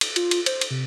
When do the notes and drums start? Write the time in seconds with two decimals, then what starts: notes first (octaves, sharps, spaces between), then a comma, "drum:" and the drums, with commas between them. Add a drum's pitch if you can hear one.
0.01 drum: cymbal
0.16 F4, drum: cymbal
0.31 drum: cymbal
0.46 C5, drum: cymbal
0.61 drum: cymbal
0.71 C3